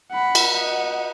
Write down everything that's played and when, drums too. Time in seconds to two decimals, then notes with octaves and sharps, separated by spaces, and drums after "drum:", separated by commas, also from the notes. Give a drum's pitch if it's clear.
0.12 F#5 B5
0.35 drum: cymbal
0.55 D#5 F#5